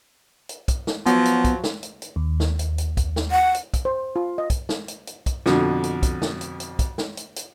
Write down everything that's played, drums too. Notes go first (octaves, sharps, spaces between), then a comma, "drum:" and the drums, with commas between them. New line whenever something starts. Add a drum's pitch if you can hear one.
drum: hi-hat
drum: kick, hi-hat
drum: snare
F3 F#3 B3, drum: hi-hat
drum: hi-hat
drum: kick, hi-hat
drum: snare
drum: hi-hat
drum: hi-hat
D#2
drum: snare
drum: hi-hat
drum: hi-hat
drum: kick, hi-hat
drum: snare
F#5
drum: hi-hat
drum: kick, hi-hat
C5
F4
D#5
drum: kick, hi-hat
drum: snare
drum: hi-hat
drum: hi-hat
drum: kick, hi-hat
F2 B2 D3, drum: snare
drum: hi-hat
drum: kick, hi-hat
drum: snare
drum: hi-hat
drum: hi-hat
drum: kick, hi-hat
drum: snare
drum: hi-hat
drum: hi-hat